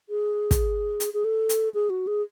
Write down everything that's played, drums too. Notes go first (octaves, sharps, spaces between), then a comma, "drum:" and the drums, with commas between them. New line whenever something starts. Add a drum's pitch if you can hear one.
G#4
drum: kick, hi-hat
drum: hi-hat
G#4
A4
drum: hi-hat
G#4
F#4
G#4